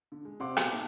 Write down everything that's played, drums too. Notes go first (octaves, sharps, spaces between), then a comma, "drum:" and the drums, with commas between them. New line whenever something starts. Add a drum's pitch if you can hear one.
D3
G#3
C3 C4 F5 F#5 C6 D6
B2 F#3 G3 G#4, drum: rim click
A#3 D#4 E5 A5